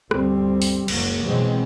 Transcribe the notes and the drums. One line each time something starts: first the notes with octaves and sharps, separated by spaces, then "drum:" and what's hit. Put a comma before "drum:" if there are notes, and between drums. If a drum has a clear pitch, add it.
G1 D2 G3 C4, drum: rim click
drum: open hi-hat
F#1 C#2 F3 F#3 A#3, drum: cymbal
B2 E3 F#3 G#3 C4